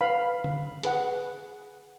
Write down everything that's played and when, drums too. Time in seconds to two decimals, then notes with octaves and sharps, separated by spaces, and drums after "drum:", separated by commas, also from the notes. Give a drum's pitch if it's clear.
0.01 B4 F5 B5
0.44 drum: tom
0.83 G#4 B4 F#5, drum: hi-hat